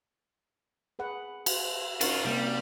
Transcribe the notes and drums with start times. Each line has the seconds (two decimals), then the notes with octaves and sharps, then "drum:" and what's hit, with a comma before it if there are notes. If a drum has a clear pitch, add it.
0.99 G#4 B4 F#5
1.46 drum: cymbal
2.01 C#4 D#4 F4 F#4 A#4, drum: cymbal
2.25 C3 G3 A#3